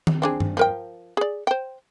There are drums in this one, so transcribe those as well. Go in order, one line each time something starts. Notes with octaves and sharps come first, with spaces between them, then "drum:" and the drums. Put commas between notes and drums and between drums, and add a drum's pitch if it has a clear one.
drum: tom D#3
C4 D4 G#4
drum: tom G2
F3 A#4 G5
G#4 D5
C5 G5